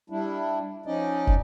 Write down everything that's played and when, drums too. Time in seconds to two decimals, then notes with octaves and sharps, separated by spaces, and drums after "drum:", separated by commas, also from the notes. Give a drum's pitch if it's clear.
0.10 G3 D4 E4
0.86 F3 C#4 D#4 D5 D#5
1.27 drum: kick